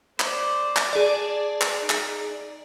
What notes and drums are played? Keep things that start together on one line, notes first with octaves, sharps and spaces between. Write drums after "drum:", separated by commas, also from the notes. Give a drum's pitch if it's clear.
C5 D5, drum: clap
drum: clap
G#4 D5 A5
drum: clap
D#4
drum: clap